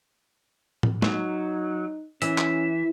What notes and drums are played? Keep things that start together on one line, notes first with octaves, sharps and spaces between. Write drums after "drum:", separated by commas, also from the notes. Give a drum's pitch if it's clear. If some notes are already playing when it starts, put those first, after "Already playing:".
drum: tom
F#3 D#4, drum: snare
E3 C#4 E5, drum: hi-hat
drum: clap